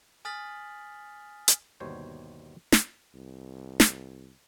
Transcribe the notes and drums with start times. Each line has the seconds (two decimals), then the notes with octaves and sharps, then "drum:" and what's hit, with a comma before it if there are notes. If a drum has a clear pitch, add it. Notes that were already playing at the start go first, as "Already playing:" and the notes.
0.25 G#5 D#6 F6 A6 B6 F#7
1.48 drum: hi-hat
1.80 G1 D#2 B2 G3 C5 C#5
2.72 drum: snare
3.15 C2
3.80 drum: snare